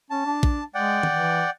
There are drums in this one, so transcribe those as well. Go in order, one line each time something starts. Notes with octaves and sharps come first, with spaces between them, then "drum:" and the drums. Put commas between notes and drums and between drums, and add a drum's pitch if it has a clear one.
C#4 A5
D4
drum: kick A#1
G#3 D5 F#5 G5
drum: tom D#3
E3